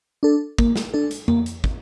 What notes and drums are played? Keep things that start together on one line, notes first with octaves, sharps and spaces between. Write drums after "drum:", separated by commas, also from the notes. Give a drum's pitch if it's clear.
D4 A4
A#3, drum: kick
drum: snare
D4 A4
drum: hi-hat
A#3, drum: tom F2
drum: hi-hat
drum: kick